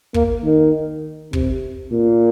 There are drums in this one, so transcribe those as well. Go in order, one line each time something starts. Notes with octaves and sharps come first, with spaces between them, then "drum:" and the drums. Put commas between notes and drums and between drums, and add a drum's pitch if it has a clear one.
A#3, drum: kick
D#3
C3, drum: kick
A#2